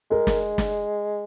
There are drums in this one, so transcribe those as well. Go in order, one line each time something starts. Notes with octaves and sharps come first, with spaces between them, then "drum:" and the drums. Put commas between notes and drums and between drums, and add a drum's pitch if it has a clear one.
G#3 A#4
drum: snare
drum: snare